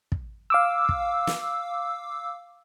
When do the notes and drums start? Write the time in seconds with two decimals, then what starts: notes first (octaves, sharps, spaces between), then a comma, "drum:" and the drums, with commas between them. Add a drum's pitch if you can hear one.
0.12 drum: kick
0.50 F5 D6 E6
0.89 drum: kick
1.27 drum: snare